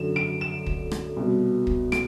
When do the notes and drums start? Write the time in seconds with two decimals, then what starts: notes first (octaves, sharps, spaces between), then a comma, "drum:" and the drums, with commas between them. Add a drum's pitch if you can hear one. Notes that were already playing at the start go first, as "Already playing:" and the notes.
Already playing: F#2 D3 E7
0.16 D7
0.41 E7
0.66 drum: kick
0.91 drum: rim click
1.16 C2 B2
1.67 drum: kick
1.92 D7, drum: rim click